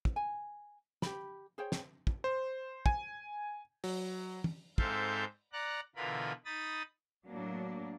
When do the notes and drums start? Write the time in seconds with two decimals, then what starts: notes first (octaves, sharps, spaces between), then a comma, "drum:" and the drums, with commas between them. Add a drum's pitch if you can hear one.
0.05 drum: kick
0.16 G#5
1.02 G4 B5, drum: snare
1.58 G#4 C5 C#5 G5
1.72 drum: snare
2.07 drum: kick
2.24 C5
2.86 G#5, drum: kick
3.84 F#3, drum: open hi-hat
4.44 drum: tom
4.78 G#2 C4 A4 E5 F5 G6, drum: kick
5.53 D5 F#5 A#5 F#6
5.96 B2 D3 E3 F4 A#4 B5
6.45 D#4 B5 D#6 A6
7.27 A2 F#3 A#3 D4